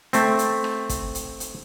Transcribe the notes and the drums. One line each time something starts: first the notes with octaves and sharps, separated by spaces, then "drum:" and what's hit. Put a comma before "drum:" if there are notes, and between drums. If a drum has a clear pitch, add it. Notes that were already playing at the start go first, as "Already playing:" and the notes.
A3 C4, drum: hi-hat
drum: hi-hat
drum: rim click
drum: kick, hi-hat
drum: hi-hat
drum: hi-hat